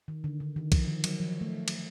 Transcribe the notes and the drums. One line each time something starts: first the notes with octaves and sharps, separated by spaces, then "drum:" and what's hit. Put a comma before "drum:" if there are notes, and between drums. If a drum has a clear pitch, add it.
D#3
D3
D3
D#3
F3, drum: kick B1, cymbal
D#3
F#3, drum: cymbal
F3
A3
drum: cymbal